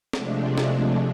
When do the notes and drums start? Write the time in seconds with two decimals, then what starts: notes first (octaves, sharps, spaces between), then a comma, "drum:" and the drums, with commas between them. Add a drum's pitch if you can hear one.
0.13 C3 F3 G#3 A3 D4, drum: snare
0.58 drum: snare